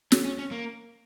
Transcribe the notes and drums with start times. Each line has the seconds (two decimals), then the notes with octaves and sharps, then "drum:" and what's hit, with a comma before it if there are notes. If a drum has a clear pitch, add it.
0.12 C#4, drum: snare
0.25 C#4
0.39 C#4
0.52 A#3